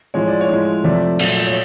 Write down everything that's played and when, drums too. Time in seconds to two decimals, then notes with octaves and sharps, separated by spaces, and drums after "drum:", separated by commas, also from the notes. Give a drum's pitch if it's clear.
0.14 A2 F3 G#3 C#5
0.28 D5
0.41 C#5
0.49 A2 F3 G#3
0.84 F2 C3 F3 A3 D5
1.19 A#2 F#3 A3, drum: cymbal
1.47 C#5